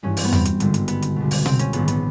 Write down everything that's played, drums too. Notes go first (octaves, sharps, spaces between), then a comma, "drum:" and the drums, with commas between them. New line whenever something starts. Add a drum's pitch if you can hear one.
G#1 G2 E3 C#4
C4, drum: open hi-hat
B3
C4, drum: tom E2
drum: hi-hat
G#1 G2 D3, drum: hi-hat
drum: hi-hat
B3, drum: hi-hat
drum: hi-hat
C#2 B2
drum: open hi-hat
C4, drum: tom B2
C#4, drum: hi-hat
A#1 G#2 D#3 B3, drum: hi-hat
B3, drum: hi-hat